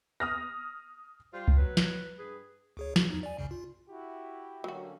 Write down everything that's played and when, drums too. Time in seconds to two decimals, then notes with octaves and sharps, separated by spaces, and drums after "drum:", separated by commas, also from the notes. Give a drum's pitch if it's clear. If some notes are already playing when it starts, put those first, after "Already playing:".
0.20 D#6 F6 A#6
1.33 G3 F4 C5
1.48 drum: kick C2
1.57 F#3 B4
1.77 drum: snare
2.19 G2 G#4 B4
2.77 D2 G#4 C#5
2.96 F#4, drum: snare
3.10 E2 D#4
3.23 D5 G#5
3.38 C2 F#2 C#3
3.51 F4
3.89 E4 F#4 G4
4.64 D3 F#3 A#3 C#4 F#4